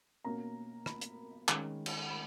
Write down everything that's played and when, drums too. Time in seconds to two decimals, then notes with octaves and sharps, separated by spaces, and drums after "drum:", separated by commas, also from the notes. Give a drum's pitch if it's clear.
0.25 B2 A#3 C#4 A#5
0.86 B5, drum: rim click
1.01 drum: hi-hat
1.49 D#3 G#3 C#4, drum: clap
1.86 drum: cymbal
2.10 B5